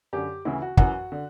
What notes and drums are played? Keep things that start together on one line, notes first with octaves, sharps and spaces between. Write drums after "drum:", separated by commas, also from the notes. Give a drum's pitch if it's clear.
F#2 D3 G4
D2 C#3 E3 E4
F#4
F#2 E3 F#4, drum: kick
D3